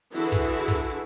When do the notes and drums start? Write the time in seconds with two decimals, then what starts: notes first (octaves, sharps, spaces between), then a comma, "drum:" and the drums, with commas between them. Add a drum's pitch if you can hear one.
0.14 D3 E3 E4 F#4 G#4
0.32 drum: kick, hi-hat
0.68 drum: kick, hi-hat